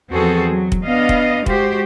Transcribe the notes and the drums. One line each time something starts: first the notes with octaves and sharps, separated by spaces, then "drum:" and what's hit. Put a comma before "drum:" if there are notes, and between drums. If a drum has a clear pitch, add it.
E2 F3 C4 F#4 G#4 A4
F#3
drum: kick
B3 D4 D#5 F5
drum: kick
G#3 F#4 G4 C5, drum: kick